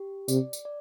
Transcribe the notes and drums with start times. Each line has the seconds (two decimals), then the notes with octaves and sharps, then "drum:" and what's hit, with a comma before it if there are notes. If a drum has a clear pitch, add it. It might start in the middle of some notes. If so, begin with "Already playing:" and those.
Already playing: G4
0.28 C3 D5, drum: tambourine
0.53 drum: tambourine
0.65 D5